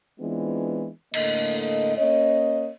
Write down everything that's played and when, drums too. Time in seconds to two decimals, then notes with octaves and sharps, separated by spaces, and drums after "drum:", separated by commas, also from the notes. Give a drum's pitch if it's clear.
0.20 E3 G#3 B3 C4 D4 F4
1.14 A2 D3 A#3 D#5, drum: cymbal
1.98 A#3 C#4 C#5 D#5